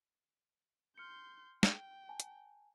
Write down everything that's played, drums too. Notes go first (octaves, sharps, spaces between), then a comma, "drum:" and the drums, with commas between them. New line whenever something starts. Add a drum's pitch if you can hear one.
C6 F6 G6 C#7
G5, drum: snare
G#5 A5
drum: hi-hat